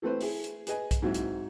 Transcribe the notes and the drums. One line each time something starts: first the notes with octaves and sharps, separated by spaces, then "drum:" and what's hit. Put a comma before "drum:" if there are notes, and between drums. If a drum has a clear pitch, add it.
E3 A3 C4 B4 C5
E4 G#4, drum: open hi-hat
drum: hi-hat
G#4 B4 D#5 G#5, drum: hi-hat
drum: kick B1, hi-hat
G#2 F#3 C4 E4
drum: hi-hat